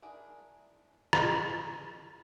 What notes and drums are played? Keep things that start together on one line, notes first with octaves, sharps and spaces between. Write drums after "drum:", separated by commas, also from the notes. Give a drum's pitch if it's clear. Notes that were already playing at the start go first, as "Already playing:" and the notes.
D4 E4 G#4 A#4
drum: rim click